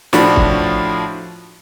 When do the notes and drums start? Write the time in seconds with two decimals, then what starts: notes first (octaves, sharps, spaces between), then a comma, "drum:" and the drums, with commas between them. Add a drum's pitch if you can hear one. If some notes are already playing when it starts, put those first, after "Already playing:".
0.13 A2 F3 D4 F#4 B5, drum: snare
0.36 drum: kick